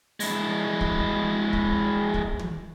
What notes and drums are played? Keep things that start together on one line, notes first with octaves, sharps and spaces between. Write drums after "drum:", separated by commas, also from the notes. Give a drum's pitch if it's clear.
G#3 E4, drum: open hi-hat
drum: kick
drum: kick
drum: kick
drum: tom